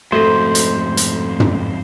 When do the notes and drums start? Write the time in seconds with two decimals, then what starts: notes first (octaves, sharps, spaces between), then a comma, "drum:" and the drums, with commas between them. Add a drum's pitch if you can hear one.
0.12 F2 G#2 A3 F#4 A4 C5
0.55 drum: hi-hat
0.97 drum: hi-hat
1.40 drum: tom